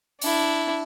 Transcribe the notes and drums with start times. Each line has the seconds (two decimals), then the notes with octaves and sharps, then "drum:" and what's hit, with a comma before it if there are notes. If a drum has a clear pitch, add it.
0.21 D4 E4, drum: open hi-hat